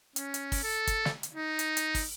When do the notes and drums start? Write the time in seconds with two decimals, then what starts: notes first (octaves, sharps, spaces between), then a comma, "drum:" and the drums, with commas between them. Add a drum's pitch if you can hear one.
0.16 C#4, drum: hi-hat
0.34 drum: hi-hat
0.52 drum: kick, open hi-hat
0.64 A4
0.87 drum: kick, hi-hat
1.05 drum: snare
1.23 drum: hi-hat
1.35 D#4
1.59 drum: hi-hat
1.77 drum: hi-hat
1.95 drum: kick, open hi-hat